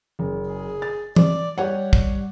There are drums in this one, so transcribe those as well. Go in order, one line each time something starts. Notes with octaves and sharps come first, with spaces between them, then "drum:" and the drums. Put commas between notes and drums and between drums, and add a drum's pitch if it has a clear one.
F#1
G#4
A6
D5, drum: tom E3
G3 G4 C#5 F#5
drum: kick